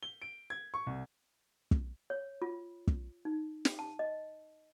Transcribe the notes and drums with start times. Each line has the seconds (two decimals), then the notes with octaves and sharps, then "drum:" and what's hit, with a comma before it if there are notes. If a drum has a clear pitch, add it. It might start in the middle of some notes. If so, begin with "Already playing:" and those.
0.03 G7
0.22 D7
0.50 G#6
0.74 C#6
0.87 C2
1.71 drum: kick
2.10 C#5
2.42 F4
2.88 drum: kick
3.25 D#4
3.65 drum: snare
3.79 A5
3.99 D#5